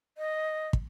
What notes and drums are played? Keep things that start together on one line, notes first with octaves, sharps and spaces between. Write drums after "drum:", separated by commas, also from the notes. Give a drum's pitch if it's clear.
D#5
drum: kick